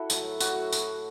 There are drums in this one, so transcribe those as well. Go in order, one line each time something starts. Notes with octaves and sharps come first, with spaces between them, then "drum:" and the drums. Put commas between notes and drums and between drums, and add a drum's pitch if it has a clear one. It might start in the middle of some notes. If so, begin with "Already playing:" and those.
Already playing: E4 F#4 A4
A2 F#3 A3, drum: tambourine
F#4, drum: tambourine
drum: tambourine